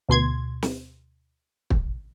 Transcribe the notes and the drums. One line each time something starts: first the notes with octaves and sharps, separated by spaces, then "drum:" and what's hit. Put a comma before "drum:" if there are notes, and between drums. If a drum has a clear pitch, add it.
D2 B2 C6 G#6
drum: snare
drum: kick